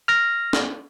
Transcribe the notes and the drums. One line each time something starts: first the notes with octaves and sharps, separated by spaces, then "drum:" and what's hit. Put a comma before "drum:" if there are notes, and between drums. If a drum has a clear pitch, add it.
F6 A#6
drum: snare